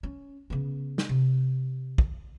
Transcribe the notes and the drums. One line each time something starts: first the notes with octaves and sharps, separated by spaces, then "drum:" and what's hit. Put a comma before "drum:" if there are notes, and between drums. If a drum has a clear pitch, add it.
C#4
C#3 B3
drum: snare
C3
drum: kick